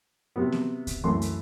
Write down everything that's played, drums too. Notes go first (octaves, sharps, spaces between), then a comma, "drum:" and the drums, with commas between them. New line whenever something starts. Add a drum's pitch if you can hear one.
C3 F#3 B3
drum: snare B3
drum: kick C#2, hi-hat
F#2 E3 A3 C6
drum: hi-hat